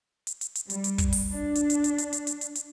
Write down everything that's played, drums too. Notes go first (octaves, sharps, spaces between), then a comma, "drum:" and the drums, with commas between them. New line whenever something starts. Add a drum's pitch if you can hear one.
drum: hi-hat
drum: hi-hat
drum: hi-hat
G3, drum: hi-hat
drum: hi-hat
drum: kick, hi-hat
drum: open hi-hat
D4
drum: hi-hat
drum: hi-hat
drum: hi-hat
drum: hi-hat
drum: hi-hat
drum: hi-hat
drum: hi-hat
drum: hi-hat